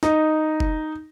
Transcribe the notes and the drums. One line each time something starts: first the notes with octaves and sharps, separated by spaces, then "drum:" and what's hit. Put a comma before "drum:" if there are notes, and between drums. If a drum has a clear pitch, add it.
D#4, drum: snare
drum: kick F1